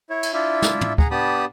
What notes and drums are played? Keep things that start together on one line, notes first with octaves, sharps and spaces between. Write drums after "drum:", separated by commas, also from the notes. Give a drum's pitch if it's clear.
E4 C#5
drum: cymbal
D4 E4 F4 E5
drum: snare
drum: tom
G#4 F#5 A#5, drum: kick
B3 D4 G4 A5 B5 D#6